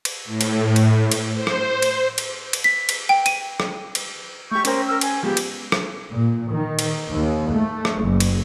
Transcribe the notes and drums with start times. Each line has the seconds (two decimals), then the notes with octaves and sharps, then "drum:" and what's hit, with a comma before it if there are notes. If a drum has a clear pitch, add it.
0.05 drum: cymbal
0.25 A2
0.41 drum: cymbal
0.76 drum: cymbal
1.12 drum: cymbal
1.35 C5
1.47 drum: rim click
1.82 drum: cymbal
2.18 drum: cymbal
2.53 drum: cymbal
2.64 B6
2.89 drum: cymbal
3.09 G5
3.26 D#7, drum: cymbal
3.60 drum: rim click
3.95 drum: cymbal
4.51 A3 G4 C#6 G6
4.65 C#4 A#4 C5 G5, drum: cymbal
4.88 A#4 E6 F6
5.01 G#5, drum: cymbal
5.23 F3 G#3 B3 G4
5.37 drum: cymbal
5.72 drum: rim click
6.13 A#2
6.50 D#3
6.79 drum: cymbal
7.10 D#2
7.53 A3
7.85 drum: rim click
8.01 F#1
8.20 drum: cymbal